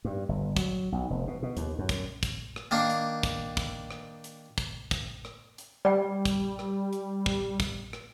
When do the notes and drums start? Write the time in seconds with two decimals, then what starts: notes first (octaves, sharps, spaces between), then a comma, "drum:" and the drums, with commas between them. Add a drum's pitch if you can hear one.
0.05 G2
0.29 G1
0.57 F#3, drum: kick, hi-hat
0.92 B1
1.10 F1
1.28 B2
1.43 B2
1.57 D#2, drum: hi-hat
1.79 F#2
1.89 drum: kick, hi-hat
2.23 drum: kick, hi-hat
2.56 drum: rim click
2.71 D#3 A#3 D4
2.90 drum: hi-hat
3.23 drum: kick, hi-hat
3.57 drum: kick, hi-hat
3.91 drum: rim click
4.24 drum: hi-hat
4.58 drum: kick, hi-hat
4.91 drum: kick, hi-hat
5.25 drum: rim click
5.58 drum: hi-hat
5.85 G3 D5 G5
6.25 drum: kick, hi-hat
6.59 drum: rim click
6.93 drum: hi-hat
7.26 drum: kick
7.60 drum: kick, hi-hat
7.93 drum: rim click